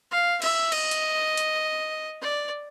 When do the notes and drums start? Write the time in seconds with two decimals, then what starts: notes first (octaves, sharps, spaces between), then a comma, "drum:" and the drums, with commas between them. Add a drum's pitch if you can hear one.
0.11 F5
0.42 E5, drum: cymbal
0.72 D#5, drum: cymbal
0.91 drum: hi-hat
1.37 drum: hi-hat
2.22 D5